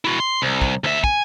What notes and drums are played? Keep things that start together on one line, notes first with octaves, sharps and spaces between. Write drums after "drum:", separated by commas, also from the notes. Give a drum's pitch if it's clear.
E4 F#4
C6
C2
drum: kick
D2 E5
G#5, drum: kick